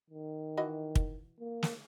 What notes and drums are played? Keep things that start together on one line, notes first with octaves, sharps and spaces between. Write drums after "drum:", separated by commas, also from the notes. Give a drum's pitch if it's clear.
D#3
E3 F#4 D#5
drum: kick
A#3
drum: snare